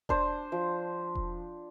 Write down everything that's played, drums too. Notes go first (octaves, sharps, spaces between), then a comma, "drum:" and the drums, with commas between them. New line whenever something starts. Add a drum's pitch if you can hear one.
D4 C5, drum: kick E1
F3
drum: kick E1